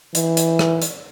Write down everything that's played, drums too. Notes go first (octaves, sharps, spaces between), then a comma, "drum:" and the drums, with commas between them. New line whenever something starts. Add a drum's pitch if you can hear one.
E3, drum: hi-hat
drum: hi-hat
drum: rim click
drum: hi-hat